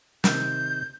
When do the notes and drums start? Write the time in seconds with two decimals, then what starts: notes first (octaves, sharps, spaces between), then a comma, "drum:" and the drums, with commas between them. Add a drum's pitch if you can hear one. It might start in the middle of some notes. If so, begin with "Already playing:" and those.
0.24 C3 D#3 G6, drum: snare